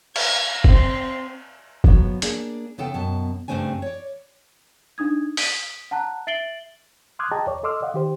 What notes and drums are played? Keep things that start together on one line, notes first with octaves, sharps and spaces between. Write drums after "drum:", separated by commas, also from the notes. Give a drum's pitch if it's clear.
G#6, drum: cymbal
C4, drum: kick
F3 F#3 B3, drum: kick
A#3 D4 G#4 D5, drum: hi-hat
C#3 B3 A4 F5 G5
F#2 B2 A5
G2 C#3 A3 C4 D4 G#5
C#5 D5
D4 D#4 D#6 G#6
D#6 B6 D7 D#7, drum: open hi-hat
F#5 A5 A#5 F#6
E5 A6 C7 D7 F#7 G7
C6 D6 D#6 F6 F#6 G#6
G#4 D#5 G5 A5 A#5
E2 C#5 D5
A4 D#5 C6 D6 E6 F6
D5 D#5 F5 F#5
D#3 G4 C5